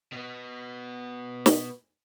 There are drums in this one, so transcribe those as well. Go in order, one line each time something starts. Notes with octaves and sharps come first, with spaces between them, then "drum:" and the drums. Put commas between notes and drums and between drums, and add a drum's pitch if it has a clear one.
B2 B3
drum: snare